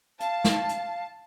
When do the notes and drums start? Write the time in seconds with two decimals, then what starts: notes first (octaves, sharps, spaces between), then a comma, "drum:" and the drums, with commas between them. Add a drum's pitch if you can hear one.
0.20 F5 A5, drum: hi-hat
0.44 drum: snare
0.69 drum: hi-hat